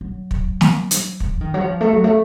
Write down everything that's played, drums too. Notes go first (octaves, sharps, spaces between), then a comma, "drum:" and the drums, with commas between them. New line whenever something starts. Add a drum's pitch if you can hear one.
F#3
drum: kick
drum: snare
drum: hi-hat
F3, drum: kick
D#3
F#3
F3
A3
F#3
A3